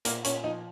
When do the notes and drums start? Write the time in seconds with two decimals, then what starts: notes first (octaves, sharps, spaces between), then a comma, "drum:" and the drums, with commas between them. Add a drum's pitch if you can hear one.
0.05 A#2 A#3 A#4, drum: hi-hat
0.24 A#2 C#4 C#5, drum: hi-hat
0.44 F3 D#4 D#5